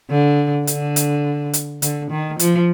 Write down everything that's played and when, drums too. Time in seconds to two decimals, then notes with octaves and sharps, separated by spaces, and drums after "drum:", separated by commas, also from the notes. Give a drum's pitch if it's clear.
0.11 D3
0.67 D3, drum: hi-hat
0.96 drum: hi-hat
1.53 drum: hi-hat
1.82 D3, drum: hi-hat
2.11 D#3
2.39 F3, drum: hi-hat